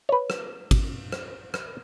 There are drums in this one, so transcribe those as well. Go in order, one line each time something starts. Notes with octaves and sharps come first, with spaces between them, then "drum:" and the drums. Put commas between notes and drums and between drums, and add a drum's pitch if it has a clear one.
B4 C#5
drum: rim click
drum: kick, cymbal
drum: rim click
drum: rim click